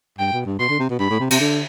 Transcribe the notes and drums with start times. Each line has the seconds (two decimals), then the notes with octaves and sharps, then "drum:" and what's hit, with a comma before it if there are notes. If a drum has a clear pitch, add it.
0.19 G2 G5
0.33 B2
0.46 G2
0.59 B2 C6
0.69 D3
0.80 C3
0.90 B2
0.99 G2 B5
1.10 A2
1.20 C3
1.30 C3, drum: cymbal
1.41 D3